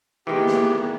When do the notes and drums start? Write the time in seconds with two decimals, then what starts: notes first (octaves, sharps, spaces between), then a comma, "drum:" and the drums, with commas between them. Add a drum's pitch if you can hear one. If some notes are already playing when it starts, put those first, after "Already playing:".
0.27 D#3 E3 A#3 B3 G4 G#4
0.47 drum: snare